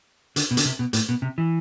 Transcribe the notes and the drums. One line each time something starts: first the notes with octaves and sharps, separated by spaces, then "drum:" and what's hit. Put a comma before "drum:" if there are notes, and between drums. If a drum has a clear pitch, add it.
D3, drum: hi-hat
B2
D3, drum: hi-hat
C3
B2
A2, drum: hi-hat
B2
C3
E3